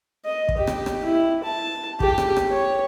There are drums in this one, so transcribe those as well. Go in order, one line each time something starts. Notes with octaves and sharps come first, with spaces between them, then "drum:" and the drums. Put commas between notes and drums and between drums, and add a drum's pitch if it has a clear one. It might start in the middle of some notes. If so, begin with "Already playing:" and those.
D#5
drum: kick
G4
drum: rim click
drum: rim click
E4
A5
G4, drum: kick
drum: rim click
drum: rim click
C#5